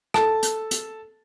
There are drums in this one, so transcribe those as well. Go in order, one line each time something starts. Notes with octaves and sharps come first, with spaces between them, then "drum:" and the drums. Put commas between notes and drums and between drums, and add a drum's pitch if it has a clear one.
A4 A5, drum: rim click
drum: hi-hat
drum: hi-hat